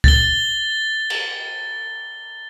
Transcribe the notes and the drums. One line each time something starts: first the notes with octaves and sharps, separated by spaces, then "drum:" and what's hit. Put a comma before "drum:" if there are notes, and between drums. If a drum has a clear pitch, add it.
A6 G7, drum: kick
drum: cymbal